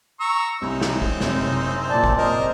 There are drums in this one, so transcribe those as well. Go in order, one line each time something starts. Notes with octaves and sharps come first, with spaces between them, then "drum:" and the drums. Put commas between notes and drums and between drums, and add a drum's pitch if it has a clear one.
A#5 C#6 E6
C2 C4 C#4 D#4 A#5
drum: snare
drum: kick
F#1 C3, drum: snare
A#2 D5 A5
drum: kick
G#3 A#4 C5 D#5